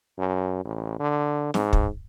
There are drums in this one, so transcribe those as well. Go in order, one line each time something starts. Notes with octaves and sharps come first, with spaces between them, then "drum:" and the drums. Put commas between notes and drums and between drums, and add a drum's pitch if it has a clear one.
F#2
A1
D3
G#2, drum: snare
drum: kick